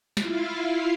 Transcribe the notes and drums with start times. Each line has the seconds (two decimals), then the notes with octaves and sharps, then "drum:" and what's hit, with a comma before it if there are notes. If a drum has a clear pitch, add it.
0.17 E4 F4 F5, drum: snare